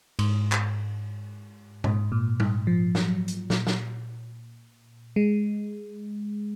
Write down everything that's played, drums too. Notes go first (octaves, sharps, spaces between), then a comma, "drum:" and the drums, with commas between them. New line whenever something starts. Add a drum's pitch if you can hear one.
G#2, drum: cymbal
drum: clap
G#2, drum: tom A#2
A#2
G#2, drum: tom G3
F3
F#3, drum: snare
drum: hi-hat
A#2, drum: snare
drum: snare
G#3